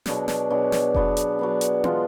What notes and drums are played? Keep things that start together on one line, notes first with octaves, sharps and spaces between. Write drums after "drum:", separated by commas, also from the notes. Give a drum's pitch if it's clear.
B2 F#3 D4 G#4, drum: snare
drum: snare
B2 F#3 D4 G#4
drum: snare
F#3 B3 D4, drum: kick F1
drum: hi-hat
F#3 B3 D4
drum: hi-hat
G#3 D4 F4, drum: tom B3